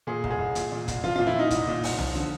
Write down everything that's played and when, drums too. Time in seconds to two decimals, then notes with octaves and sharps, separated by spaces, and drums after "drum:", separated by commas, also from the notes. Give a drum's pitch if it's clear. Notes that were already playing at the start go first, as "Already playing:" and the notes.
0.07 A#2 G#4
0.24 C2, drum: kick
0.31 G#4
0.39 C2
0.55 A#2, drum: hi-hat
0.72 A#2
0.88 C2, drum: kick, hi-hat
1.04 F3 F4
1.16 A#2 F4
1.27 E4
1.35 A#2 D#4
1.51 C2, drum: kick, hi-hat
1.68 A#2
1.84 C2, drum: open hi-hat
1.98 F3, drum: tom C2
2.15 D3, drum: snare